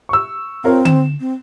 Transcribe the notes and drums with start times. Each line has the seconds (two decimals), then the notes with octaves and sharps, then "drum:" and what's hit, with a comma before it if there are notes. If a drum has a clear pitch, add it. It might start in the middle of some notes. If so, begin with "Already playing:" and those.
0.09 C#6 E6
0.64 C4 F4 A#4 C#5
0.85 E7, drum: tom D3
1.20 C4